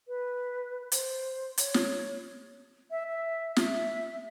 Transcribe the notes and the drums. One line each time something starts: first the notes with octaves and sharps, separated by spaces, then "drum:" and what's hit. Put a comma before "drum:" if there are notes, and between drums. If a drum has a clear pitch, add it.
B4
C5, drum: hi-hat
C#5, drum: hi-hat
drum: snare
E5
E5
E5, drum: snare